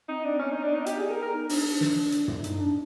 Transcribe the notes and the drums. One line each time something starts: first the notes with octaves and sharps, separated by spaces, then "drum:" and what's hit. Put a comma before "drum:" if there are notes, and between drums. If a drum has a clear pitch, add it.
C4 D#4
C4 D4
B3 C#4
D#4
D4
D#4
G4, drum: hi-hat
G#4
A#4
A#4
D#4
D4, drum: open hi-hat
D4
drum: snare
drum: hi-hat
drum: tom
D#4, drum: hi-hat
D4